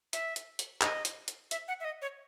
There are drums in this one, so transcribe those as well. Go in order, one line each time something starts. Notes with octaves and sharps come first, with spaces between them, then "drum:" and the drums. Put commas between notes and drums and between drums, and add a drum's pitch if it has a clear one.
E5, drum: hi-hat
drum: hi-hat
drum: hi-hat
D#5, drum: clap
drum: hi-hat
drum: hi-hat
E5, drum: hi-hat
F#5
E5
D#5
C#5